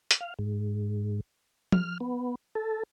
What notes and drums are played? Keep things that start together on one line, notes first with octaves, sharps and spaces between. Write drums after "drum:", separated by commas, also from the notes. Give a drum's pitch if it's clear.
drum: hi-hat
F5
G#2
F6, drum: tom
B3
A4